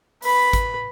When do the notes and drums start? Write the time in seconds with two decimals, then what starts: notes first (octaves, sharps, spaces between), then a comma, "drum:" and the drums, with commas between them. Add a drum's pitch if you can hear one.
0.22 B4 B5, drum: open hi-hat
0.53 drum: kick G#1, hi-hat